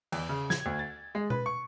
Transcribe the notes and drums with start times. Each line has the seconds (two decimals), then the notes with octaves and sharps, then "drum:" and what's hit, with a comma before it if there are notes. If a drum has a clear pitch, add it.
0.12 E2, drum: cymbal
0.29 C#3
0.50 G#6, drum: snare
0.66 D2
0.79 A6
1.15 G#3
1.30 B4, drum: tom B2
1.46 C#6